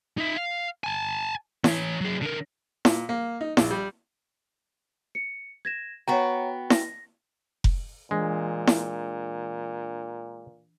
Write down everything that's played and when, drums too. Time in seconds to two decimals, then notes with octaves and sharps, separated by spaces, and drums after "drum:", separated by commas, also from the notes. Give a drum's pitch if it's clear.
0.18 D#4 E5
0.36 F5
0.84 G#5 A5
1.64 E3 C#5, drum: snare E4
2.01 F#3 G#4
2.22 D3 A#4
2.85 A#2, drum: snare E4
3.09 A#3
3.41 D#4
3.57 A#1, drum: snare E4
3.71 G3
5.15 C#7
5.65 G#6 A#6 E7
6.08 B3 F#4 C#5 F#5 G5 A#5
6.70 A#6, drum: snare E4
7.64 drum: kick F1
8.11 A#2 E3 G#3 D4
8.67 drum: snare E4